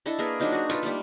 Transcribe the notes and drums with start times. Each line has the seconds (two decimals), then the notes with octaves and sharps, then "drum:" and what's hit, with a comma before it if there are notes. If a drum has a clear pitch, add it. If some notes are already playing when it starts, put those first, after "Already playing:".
0.06 D4 E4 A4 D#5
0.19 A#3 G#4 A#4 B4
0.40 F#3 D4 D#4 F4
0.52 F#4 G#4
0.69 F4 A4 B4, drum: hi-hat
0.83 G3 A3 A#3